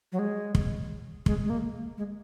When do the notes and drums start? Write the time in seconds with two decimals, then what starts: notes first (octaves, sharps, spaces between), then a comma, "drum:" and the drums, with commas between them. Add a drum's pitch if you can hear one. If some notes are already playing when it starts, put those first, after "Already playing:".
0.12 F#3
0.19 G#3
0.55 drum: kick
1.26 G#3, drum: kick
1.44 G#3
1.50 A#3
1.98 G#3